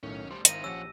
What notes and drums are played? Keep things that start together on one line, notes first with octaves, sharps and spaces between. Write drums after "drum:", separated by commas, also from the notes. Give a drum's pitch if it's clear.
B1 A2 D#3 C#4
A2 G3 C5
G#1 D#3 D#4 E4 C5 F5 A#6 D#7, drum: hi-hat
A#1 F2 F3 C#4 G4 F#5 E6